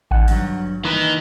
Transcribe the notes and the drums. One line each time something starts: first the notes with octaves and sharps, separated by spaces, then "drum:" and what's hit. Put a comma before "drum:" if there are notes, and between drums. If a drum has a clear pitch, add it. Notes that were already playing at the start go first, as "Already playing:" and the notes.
D#3 F#5, drum: kick A1
G2 F#3, drum: open hi-hat
D#3 E3 A#3 D#4 B4